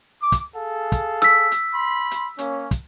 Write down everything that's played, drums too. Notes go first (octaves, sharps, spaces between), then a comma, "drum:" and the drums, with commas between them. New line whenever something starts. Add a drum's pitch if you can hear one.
D6
drum: kick, hi-hat
G#4 A4 F5
drum: kick, hi-hat
E6 B6, drum: snare
drum: hi-hat
B5 C6
drum: hi-hat
A#3 C#4, drum: hi-hat
drum: kick, hi-hat